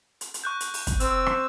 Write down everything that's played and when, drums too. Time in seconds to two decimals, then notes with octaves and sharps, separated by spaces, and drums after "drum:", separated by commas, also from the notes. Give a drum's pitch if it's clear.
0.21 drum: hi-hat
0.34 drum: hi-hat
0.44 C#6 F#6 G6
0.60 drum: hi-hat
0.74 drum: open hi-hat
0.87 drum: kick, hi-hat
1.00 C4 E6, drum: hi-hat
1.26 drum: rim click